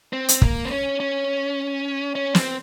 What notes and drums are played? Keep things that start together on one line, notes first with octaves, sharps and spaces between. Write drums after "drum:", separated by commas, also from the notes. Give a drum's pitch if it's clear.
C4
drum: hi-hat
A#3, drum: kick
C4
C#4
C#4
C#4
C4, drum: snare